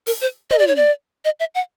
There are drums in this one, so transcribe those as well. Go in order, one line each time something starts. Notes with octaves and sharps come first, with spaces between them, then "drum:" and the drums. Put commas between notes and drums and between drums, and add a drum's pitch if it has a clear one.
A#4, drum: open hi-hat
C5
D#5, drum: tom
D5
C#5
D5
D#5
E5
F#5